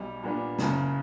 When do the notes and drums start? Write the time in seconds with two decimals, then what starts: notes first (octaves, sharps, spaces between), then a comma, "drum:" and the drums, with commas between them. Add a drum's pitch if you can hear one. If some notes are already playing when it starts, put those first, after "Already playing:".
Already playing: B1 G3
0.23 A#2 G3 B3 D4
0.59 F#1 F#2 C#3, drum: snare